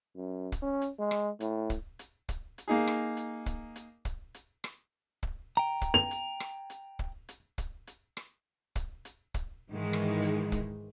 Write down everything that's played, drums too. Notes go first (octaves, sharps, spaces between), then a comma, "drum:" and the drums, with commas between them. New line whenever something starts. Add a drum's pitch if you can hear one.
F#2
drum: kick, hi-hat
C#4
drum: hi-hat
G#3
drum: rim click
A2, drum: hi-hat
drum: kick, hi-hat
drum: hi-hat
drum: kick, hi-hat
drum: hi-hat
A#3 D#4 G#4
drum: rim click
drum: hi-hat
drum: kick, hi-hat
drum: hi-hat
drum: kick, hi-hat
drum: hi-hat
drum: rim click
drum: kick
G5 A#5
drum: kick, hi-hat
F7
drum: hi-hat
drum: rim click
drum: hi-hat
drum: kick
drum: hi-hat
drum: kick, hi-hat
drum: hi-hat
drum: rim click
drum: kick, hi-hat
drum: hi-hat
drum: kick, hi-hat
G#2 D#3 E3 G#3
drum: rim click
drum: hi-hat
drum: kick, hi-hat